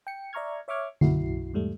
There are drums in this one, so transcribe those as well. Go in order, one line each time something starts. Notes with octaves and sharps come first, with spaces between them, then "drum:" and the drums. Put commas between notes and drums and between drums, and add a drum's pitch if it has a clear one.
G5 C#7
D5 E5 A#5 C#6 F6 G#6
C#5 E5 C#6 D6 F6 G#6
B1 F#2 E4 F#4 C7, drum: tom D3
E2 G#2 G3 A3